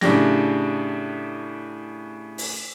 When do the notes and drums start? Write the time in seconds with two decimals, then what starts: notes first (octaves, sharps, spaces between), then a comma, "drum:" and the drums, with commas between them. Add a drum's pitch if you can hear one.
0.01 A2 C#3 D4 G4 A#6, drum: snare
2.38 drum: open hi-hat